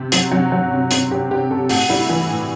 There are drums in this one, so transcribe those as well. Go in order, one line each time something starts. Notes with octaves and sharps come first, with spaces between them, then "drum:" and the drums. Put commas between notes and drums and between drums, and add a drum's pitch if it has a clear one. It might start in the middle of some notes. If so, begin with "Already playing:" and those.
Already playing: C3
F#3 C4, drum: hi-hat
F#3
F#3
C3
C3 C4, drum: hi-hat
C3 G4
C3 G4
C3 A4
A2 F#4, drum: open hi-hat
G3 E4
E3 E4
A2